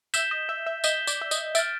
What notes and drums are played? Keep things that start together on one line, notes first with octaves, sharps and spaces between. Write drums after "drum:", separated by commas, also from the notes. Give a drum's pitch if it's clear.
E5 G6 B6 E7 G7, drum: tambourine
D#5
E5
E5
D#5 G6 B6 E7 G7, drum: tambourine
D5, drum: tambourine
E5
D#5, drum: tambourine
E5 F6 A6 D7, drum: tambourine